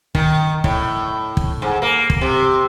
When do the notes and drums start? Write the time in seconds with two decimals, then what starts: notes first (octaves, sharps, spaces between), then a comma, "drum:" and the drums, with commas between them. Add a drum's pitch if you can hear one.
0.15 D#3, drum: kick
0.64 A2, drum: kick
1.37 drum: kick
1.62 G#2
1.82 A#3
2.10 drum: kick
2.21 C3